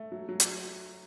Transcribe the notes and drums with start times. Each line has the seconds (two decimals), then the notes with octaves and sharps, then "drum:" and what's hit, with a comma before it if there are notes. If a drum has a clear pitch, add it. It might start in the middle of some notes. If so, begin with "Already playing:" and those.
Already playing: A3
0.12 F#3
0.29 F#3
0.40 drum: hi-hat